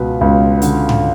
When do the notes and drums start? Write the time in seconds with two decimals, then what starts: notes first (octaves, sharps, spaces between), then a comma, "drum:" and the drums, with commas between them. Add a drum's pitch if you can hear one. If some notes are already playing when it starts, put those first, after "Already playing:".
Already playing: C#2 B2 B4
0.21 C#2
0.62 D3, drum: hi-hat
0.89 drum: tom G#2